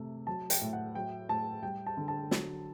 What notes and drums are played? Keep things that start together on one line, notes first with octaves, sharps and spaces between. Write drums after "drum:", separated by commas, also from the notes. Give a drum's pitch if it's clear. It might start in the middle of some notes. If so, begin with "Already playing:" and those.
Already playing: C3 A3
F#3 A5
G5, drum: hi-hat
A2
F#5
F#3 G5
A2 A5
G3 G5
A5
D3
A5
F#3, drum: snare